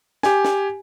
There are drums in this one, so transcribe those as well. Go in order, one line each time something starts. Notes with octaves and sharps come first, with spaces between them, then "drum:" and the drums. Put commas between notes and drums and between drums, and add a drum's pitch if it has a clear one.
G4 G#5, drum: snare
drum: snare